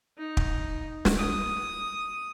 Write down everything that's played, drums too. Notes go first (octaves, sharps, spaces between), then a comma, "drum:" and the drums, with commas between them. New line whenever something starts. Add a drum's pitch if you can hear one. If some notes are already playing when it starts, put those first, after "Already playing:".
D#4
drum: kick
drum: snare
D#6